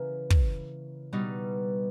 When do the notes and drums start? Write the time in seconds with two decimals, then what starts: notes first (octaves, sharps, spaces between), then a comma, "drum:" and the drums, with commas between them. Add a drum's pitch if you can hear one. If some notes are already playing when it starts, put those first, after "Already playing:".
Already playing: C#3 E3 A#3
0.30 drum: kick
1.13 B2 G3 B3 D#4